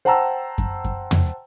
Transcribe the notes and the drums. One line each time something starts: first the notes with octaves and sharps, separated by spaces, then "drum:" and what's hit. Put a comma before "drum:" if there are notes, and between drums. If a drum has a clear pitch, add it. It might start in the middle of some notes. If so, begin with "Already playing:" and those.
C5 F#5 G5 A5 A#5 E6
drum: kick F#2
drum: kick F#2
drum: tom